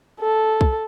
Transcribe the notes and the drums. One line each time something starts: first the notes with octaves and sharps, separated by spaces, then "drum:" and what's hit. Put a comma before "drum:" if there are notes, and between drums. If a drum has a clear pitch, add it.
A4
drum: kick B1